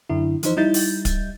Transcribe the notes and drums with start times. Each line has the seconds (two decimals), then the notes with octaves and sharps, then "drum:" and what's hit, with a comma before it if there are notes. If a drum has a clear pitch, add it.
0.09 F#2 D3 E4
0.43 E3 F3 D#4 C5, drum: hi-hat
0.57 G3 D#4 E4 G6 A6
0.74 drum: open hi-hat
1.05 drum: kick, hi-hat